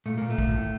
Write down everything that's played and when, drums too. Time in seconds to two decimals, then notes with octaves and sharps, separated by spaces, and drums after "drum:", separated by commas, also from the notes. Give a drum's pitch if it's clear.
0.06 A#2 A3
0.18 A#2 A#3
0.30 A3
0.38 A#2, drum: kick
0.54 A2